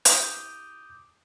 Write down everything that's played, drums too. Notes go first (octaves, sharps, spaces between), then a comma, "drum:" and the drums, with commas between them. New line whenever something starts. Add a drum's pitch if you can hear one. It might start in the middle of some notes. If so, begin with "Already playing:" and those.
D6 D#6 G6, drum: hi-hat